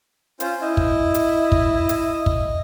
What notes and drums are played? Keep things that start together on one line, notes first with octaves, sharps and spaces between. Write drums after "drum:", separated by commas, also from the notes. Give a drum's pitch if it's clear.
C#4 F4 C5, drum: hi-hat
E4 D#5
drum: kick
drum: hi-hat
drum: kick
drum: hi-hat
drum: kick